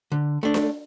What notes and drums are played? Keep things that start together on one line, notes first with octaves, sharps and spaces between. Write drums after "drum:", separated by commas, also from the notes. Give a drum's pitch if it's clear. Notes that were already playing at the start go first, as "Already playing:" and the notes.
D3
A3 D4
drum: snare D4